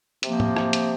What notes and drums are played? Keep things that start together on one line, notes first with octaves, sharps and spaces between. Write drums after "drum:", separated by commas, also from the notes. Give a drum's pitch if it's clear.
C3 F3 A#3, drum: hi-hat
drum: tom
drum: rim click
drum: hi-hat